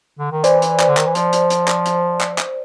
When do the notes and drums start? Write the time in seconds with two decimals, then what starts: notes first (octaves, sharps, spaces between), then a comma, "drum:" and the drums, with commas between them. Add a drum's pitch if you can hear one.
0.19 D3
0.32 D#3
0.44 E3 C5 D5, drum: hi-hat
0.62 drum: hi-hat
0.80 drum: clap
0.89 D3
0.97 D#3, drum: clap
1.06 E3
1.15 F3, drum: hi-hat
1.33 drum: hi-hat
1.50 drum: hi-hat
1.68 drum: clap
1.85 drum: hi-hat
2.21 drum: clap
2.38 drum: clap